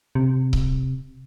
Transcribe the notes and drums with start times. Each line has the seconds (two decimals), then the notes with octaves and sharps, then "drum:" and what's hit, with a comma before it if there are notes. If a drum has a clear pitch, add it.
0.15 C3
0.53 drum: kick C#1